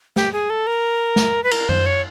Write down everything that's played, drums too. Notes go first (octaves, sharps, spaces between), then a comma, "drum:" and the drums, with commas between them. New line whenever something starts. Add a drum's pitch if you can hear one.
G4, drum: snare
G#4
A4
A#4
drum: snare
B4
A#4, drum: cymbal
C5, drum: tom F#2
C#5